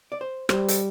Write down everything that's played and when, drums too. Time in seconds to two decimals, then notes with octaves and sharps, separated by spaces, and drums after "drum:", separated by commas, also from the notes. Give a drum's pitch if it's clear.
0.12 D5
0.21 C5
0.49 G3 C5, drum: rim click
0.68 A4, drum: hi-hat